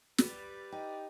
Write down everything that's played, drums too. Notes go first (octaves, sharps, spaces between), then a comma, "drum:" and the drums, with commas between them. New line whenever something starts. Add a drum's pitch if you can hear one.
G3 B4 D5, drum: snare
D#4 G4